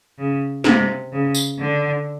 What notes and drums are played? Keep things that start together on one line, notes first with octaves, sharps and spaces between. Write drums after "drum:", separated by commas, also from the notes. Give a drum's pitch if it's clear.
C#3
C3, drum: snare
C#3
drum: tambourine
D3